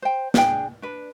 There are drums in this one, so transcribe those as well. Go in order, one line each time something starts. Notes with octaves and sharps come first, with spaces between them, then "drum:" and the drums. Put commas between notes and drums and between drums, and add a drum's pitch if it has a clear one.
C5 G5
D4 G#4 G5, drum: snare
D4 B4